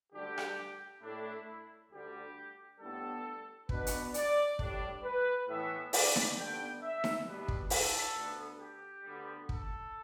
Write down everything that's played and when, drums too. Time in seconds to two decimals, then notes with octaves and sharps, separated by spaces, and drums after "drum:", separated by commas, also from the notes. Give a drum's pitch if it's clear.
0.13 D2 D3 G3 D4 G4
0.38 drum: rim click
1.02 A2 A3 D4 E4
1.91 D2 D3 G3 G4
2.80 A2 G3 B3 D4 A4
3.69 B2 B3 D4 B4, drum: kick
3.87 drum: hi-hat
4.14 D5, drum: hi-hat
4.59 A2 G3 D4 D5, drum: kick
5.03 B4
5.47 A2 E3 B3 E5
5.93 D5, drum: open hi-hat
6.16 drum: snare D#4
6.37 G2 D3 B3 D4 G5
6.82 E5
7.04 drum: snare D#4
7.26 B2 G3 B3 D4 B4
7.48 drum: kick
7.70 A4, drum: open hi-hat
8.15 D2 D3 B3
8.59 G4
9.04 D2 D3 G3 B3
9.49 A4, drum: kick